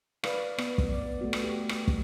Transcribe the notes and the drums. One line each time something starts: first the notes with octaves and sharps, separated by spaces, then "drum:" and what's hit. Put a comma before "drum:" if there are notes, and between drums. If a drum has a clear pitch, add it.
B4 D5 F5, drum: rim click
B3, drum: rim click
drum: kick
D5
A3 B3 F#4
drum: rim click
G4
drum: rim click
drum: kick